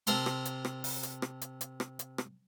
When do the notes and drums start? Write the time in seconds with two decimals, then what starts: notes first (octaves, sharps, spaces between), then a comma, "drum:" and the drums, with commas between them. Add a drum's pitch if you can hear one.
0.07 C3 A4 A#4 C6, drum: hi-hat
0.26 drum: rim click
0.45 drum: hi-hat
0.65 drum: rim click
0.84 drum: open hi-hat
1.03 drum: hi-hat
1.22 drum: rim click
1.41 drum: hi-hat
1.61 drum: hi-hat
1.80 drum: rim click
1.99 drum: hi-hat
2.18 drum: rim click